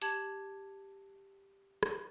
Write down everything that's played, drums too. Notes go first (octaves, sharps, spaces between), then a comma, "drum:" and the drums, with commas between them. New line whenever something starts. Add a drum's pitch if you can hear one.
G4 A5 G#6 F#7, drum: hi-hat
drum: rim click